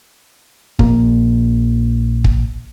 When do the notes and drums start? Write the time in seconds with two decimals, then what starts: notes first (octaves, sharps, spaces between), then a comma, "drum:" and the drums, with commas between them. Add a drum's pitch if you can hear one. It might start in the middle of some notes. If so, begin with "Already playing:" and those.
0.79 A#1 F2 A#2 A#3, drum: kick
2.24 drum: kick